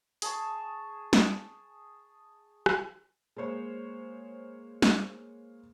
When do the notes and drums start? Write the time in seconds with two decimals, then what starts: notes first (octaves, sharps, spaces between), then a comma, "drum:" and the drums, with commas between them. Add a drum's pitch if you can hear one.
0.22 G#4 A5 C#6, drum: hi-hat
1.13 drum: snare
2.66 drum: rim click
3.37 G#3 A#3 C5 C#5
4.82 drum: snare